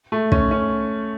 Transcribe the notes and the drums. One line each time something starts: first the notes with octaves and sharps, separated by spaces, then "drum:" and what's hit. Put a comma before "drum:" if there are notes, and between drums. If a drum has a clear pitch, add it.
A3
C#4, drum: kick
C#4